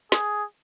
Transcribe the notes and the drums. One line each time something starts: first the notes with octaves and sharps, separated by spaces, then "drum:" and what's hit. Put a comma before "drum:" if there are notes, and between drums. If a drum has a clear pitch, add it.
G#4, drum: snare